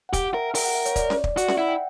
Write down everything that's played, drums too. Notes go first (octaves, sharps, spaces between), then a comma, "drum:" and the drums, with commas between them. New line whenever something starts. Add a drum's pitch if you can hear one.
F#5
G4 G5, drum: kick, hi-hat
F#5
A#4 E5
A#4 G5, drum: open hi-hat
F#5
E5
C#5, drum: hi-hat
D5, drum: kick, hi-hat
drum: snare C#4
drum: kick
F#4 D5, drum: hi-hat
E5, drum: snare C#4
E4 F#5
G5